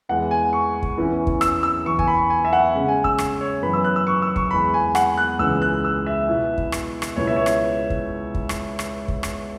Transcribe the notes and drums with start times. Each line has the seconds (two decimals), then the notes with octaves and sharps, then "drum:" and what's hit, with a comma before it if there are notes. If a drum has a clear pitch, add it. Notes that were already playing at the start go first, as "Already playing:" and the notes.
0.09 E2 E3 G#3 F#5
0.31 G#5
0.53 C#6
0.83 drum: kick
0.98 E2 E3 C#4 E4
1.27 drum: kick
1.41 E6, drum: rim click
1.63 E6
1.85 E2 E3 B3 C#6
1.99 G#5, drum: kick
2.08 B5
2.30 G#5
2.45 E5
2.53 F#5
2.75 C#3 G#3 C#4
2.88 G#5
3.04 E6, drum: kick
3.18 drum: rim click
3.41 C#5
3.62 F#2 E3 B3 B5
3.73 E6
3.84 F#6
3.96 E6
4.07 C#6
4.22 E6
4.36 C#6, drum: kick
4.51 E2 E3 G#3 B5
4.74 G#5
4.95 F#5, drum: rim click
5.18 F#6
5.39 C#2 C#3 E3 G#3 E6
5.62 F#6
5.84 E6
6.06 E5
6.28 B2 B3 E4
6.58 drum: kick
6.72 drum: rim click
7.02 drum: rim click
7.16 C#2 B2 B3 E4 C#5
7.27 E5
7.36 C#5
7.46 drum: rim click
7.90 drum: kick
8.35 drum: kick
8.49 drum: rim click
8.79 drum: rim click
9.08 drum: kick
9.23 drum: rim click